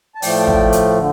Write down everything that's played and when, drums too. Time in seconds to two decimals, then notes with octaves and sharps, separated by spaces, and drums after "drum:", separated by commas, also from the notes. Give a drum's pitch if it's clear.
0.15 A5
0.22 A2 F3 A3 D5 G5, drum: open hi-hat
0.47 drum: kick
0.72 drum: hi-hat
0.97 D3